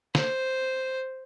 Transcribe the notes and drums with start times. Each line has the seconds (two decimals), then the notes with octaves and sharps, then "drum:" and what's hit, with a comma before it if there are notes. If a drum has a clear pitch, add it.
0.15 C5, drum: snare